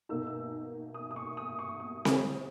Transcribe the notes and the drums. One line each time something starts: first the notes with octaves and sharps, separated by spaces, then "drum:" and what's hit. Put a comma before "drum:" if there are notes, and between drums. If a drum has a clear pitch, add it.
B2 A#3 D#4 E6
E6
D#6
D#6
C#6
D#6
C#6
D#6
drum: snare C4